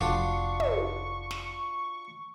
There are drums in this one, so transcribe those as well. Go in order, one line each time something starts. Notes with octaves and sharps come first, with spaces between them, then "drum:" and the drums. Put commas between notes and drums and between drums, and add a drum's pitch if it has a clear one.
F1 D4 F4 F#4 C#6
drum: tom
drum: snare